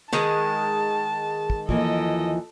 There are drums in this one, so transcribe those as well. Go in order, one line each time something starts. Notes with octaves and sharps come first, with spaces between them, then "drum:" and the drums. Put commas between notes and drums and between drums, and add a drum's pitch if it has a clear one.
D#3 G#3 A5, drum: snare
drum: kick
D#2 E3 F3 A4 D#5, drum: kick